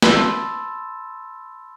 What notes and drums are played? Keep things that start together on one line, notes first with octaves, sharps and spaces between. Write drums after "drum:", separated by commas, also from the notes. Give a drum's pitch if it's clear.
A5 B5 C6 E6 A6 E7, drum: snare